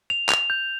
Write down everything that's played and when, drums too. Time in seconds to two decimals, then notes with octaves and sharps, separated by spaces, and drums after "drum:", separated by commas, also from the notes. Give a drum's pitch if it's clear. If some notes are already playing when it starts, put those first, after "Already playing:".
0.10 F7
0.29 F7, drum: clap
0.50 G6